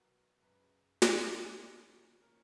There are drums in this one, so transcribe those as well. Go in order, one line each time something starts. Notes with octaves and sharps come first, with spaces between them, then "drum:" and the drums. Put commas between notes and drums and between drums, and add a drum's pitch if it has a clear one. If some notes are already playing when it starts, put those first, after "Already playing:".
Already playing: B2 F#3 B3 A#4
F#2 C#3 G#3 B4
C#3 G#3 B3, drum: snare
C#3 F3 A#3 C#4
F3 A#3 C#4 A#4